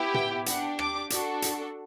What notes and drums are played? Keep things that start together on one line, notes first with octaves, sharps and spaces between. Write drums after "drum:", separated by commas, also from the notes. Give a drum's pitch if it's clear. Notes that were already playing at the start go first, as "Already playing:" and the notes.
Already playing: B3 E4 G4
G5, drum: tom
D4 G4 F#5, drum: hi-hat
D6, drum: rim click
D4 F#4 A4, drum: hi-hat
drum: hi-hat